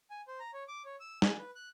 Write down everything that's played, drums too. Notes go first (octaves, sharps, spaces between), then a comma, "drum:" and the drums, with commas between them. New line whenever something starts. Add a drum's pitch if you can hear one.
G#5
C5
A#5
C#5
D6
C#5
E6
G#5, drum: snare
B4
F#6